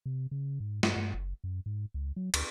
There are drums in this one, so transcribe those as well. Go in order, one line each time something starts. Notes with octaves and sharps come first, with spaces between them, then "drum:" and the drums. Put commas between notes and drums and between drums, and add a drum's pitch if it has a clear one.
C3
C#3
G#2
G2, drum: snare
G2
F#1
F#2
G#2
C#2
F#3
D2, drum: cymbal